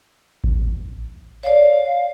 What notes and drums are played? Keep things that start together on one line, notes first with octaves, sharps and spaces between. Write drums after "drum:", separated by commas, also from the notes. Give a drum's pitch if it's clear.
drum: kick A1
C#5 D5 F5